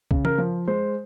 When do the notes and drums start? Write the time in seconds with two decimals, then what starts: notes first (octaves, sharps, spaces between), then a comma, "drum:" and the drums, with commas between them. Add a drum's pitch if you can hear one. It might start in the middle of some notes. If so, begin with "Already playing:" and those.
0.11 C#3, drum: kick B1
0.25 A#4, drum: tom
0.38 F3
0.68 G#3 C5